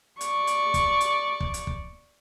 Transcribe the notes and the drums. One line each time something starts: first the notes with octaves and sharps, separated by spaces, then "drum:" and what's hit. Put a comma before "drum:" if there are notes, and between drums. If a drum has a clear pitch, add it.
D5 C#6, drum: hi-hat
drum: hi-hat
drum: kick, hi-hat
drum: hi-hat
drum: kick
drum: hi-hat
drum: kick